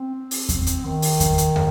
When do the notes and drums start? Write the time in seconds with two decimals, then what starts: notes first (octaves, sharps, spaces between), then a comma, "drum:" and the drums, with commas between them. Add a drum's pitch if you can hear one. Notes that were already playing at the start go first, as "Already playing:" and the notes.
Already playing: C4
0.31 drum: open hi-hat
0.49 drum: kick E2, hi-hat
0.67 drum: hi-hat
0.85 D#3
1.02 drum: open hi-hat
1.20 drum: kick E2, hi-hat
1.38 drum: hi-hat
1.56 drum: tom